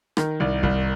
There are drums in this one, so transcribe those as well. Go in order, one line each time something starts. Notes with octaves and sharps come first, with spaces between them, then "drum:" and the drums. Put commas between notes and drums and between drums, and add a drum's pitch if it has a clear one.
D#3, drum: rim click
C2
C2, drum: kick